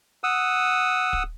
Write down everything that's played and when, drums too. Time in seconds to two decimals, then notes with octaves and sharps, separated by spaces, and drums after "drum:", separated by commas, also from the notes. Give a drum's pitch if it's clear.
0.24 F#5 D#6 E6
1.13 drum: kick